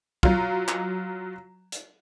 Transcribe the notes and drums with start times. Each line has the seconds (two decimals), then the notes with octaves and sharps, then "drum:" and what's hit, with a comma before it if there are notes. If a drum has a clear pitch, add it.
0.23 F#3 F4, drum: kick
0.68 drum: clap
1.72 drum: hi-hat